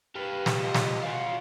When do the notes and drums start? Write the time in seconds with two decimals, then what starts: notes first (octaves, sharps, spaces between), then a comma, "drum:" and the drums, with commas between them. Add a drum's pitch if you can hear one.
0.16 G4 B4 F5
0.46 drum: snare
0.56 F4 D#5
0.74 drum: snare
1.03 F4 F#4 F5 G#5